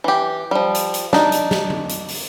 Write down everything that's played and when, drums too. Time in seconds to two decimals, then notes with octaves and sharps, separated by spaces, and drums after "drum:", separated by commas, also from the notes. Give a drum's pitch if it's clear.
0.04 E3 G4
0.51 F3 G3
0.75 drum: hi-hat
0.94 drum: hi-hat
1.13 D4 D#4, drum: snare
1.32 drum: hi-hat
1.51 drum: snare
1.70 drum: tom D3
1.89 drum: hi-hat
2.08 drum: open hi-hat